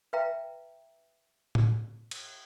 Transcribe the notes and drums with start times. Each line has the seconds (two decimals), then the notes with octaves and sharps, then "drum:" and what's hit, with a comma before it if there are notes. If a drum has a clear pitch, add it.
0.13 B4 E5 F5 G5 A#5
1.55 drum: tom A2
2.11 drum: cymbal